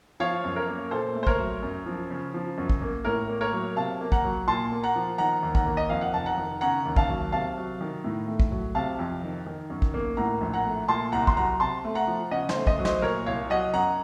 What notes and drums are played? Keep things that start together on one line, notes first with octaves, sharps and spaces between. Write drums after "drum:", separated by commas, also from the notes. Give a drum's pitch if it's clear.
F3 C#5 F5
F#2
A#4 C#5
A#3
A#2 A4 C5
A3
C5
A#4 C#5, drum: kick
F#3
F#2
F3
C#3
F3
F#2
drum: kick
A#3
A2 A#4 C#5
A#3
A#4 C#5
F#3
C3 F5 A5
A#3
F#5 A#5, drum: kick
F#3
A#2 A5 C6
A#3
F#5 A#5
F3
D#3 F#5 A#5
D#2
F#5 A#5, drum: kick
A#3
D#5
F2 F5
F#5
F1 A5
F#5 A#5
D#3
C#3 F#5 A#5
D#2
F5 A5, drum: kick
F#3
C3 F5 A5
F#3
D#3
A2
A3
drum: kick
F#3
C3 F5 A5
F2
D#3
D#3
F#2
drum: kick
A#3
A2 F#5 A#5
A#1
F#5 A#5
A3
A#2 A5 C6
C2 F#5 A#5
C6, drum: kick
F#3 F#5 A#5
C3 A5 C6
A3
F#5 A#5
F3
C#3 D#5 F#5
C5 D#5, drum: snare
A3
C5 D#5, drum: kick
F#3
C5 D#5, drum: snare
A#2 A#4 C#5
C2 C#5 F5
F#3 D#5 F#5
F#2 F#5 A#5